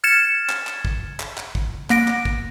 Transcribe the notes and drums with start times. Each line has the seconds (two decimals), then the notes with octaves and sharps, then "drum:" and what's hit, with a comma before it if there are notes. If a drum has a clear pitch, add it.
0.04 F6 G#6 A6 C#7 E7
0.49 drum: clap
0.67 drum: clap
0.85 drum: kick
1.20 drum: clap
1.37 drum: clap
1.55 drum: kick
1.90 A#3 A#6 D7, drum: clap
2.08 drum: clap
2.25 drum: kick